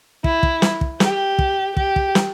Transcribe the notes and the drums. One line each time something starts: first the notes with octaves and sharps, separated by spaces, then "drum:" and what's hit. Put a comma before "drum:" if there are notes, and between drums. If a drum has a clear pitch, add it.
E4, drum: kick
drum: kick
drum: snare
drum: kick
G4, drum: snare
drum: kick
G4, drum: kick
drum: kick
drum: snare